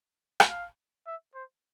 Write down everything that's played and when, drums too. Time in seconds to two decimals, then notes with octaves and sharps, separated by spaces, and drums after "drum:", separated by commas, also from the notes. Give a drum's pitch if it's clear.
0.40 drum: rim click
0.50 F5
1.07 E5
1.35 C5